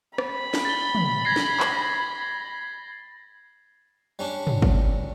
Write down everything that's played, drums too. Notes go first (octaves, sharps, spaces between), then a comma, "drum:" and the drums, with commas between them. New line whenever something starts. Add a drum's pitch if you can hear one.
B5, drum: rim click
drum: snare
A6 G7
drum: tom
G#6 A#6 C7
drum: snare
drum: clap
G3 C#4 D4
drum: tom
drum: kick